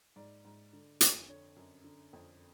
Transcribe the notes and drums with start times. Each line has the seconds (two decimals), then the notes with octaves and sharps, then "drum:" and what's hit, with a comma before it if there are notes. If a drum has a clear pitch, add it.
0.16 G#2 D5
0.45 G#2
0.73 D3
1.01 F2, drum: hi-hat
1.28 D3 C#5
1.56 F#2
1.84 D3
2.13 F2